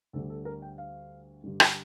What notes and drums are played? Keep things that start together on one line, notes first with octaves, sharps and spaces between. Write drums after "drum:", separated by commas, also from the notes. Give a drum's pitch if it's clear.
D2 D3 G3 A4
A4
A#4
G5
F5
G2 D3 G3
drum: rim click